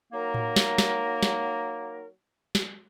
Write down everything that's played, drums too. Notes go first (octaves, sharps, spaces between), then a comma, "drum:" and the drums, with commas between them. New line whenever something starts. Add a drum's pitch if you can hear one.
F#3 A#3 D#4 A#4
drum: tom A2
drum: snare
drum: snare
drum: snare
drum: snare